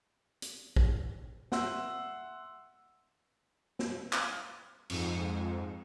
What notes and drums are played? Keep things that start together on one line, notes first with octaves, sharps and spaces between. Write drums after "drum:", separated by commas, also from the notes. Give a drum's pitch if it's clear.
drum: hi-hat
drum: kick
E5 F#5 C6 E6, drum: snare
drum: snare
drum: clap
F2 G#2, drum: cymbal